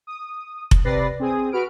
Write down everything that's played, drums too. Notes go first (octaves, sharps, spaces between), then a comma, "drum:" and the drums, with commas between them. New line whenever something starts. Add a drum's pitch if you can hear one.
D#6
drum: kick F1
C3 B4 D5 A6 A#6 C7
C4 G#4 D#6
F#4 B4 F6 D7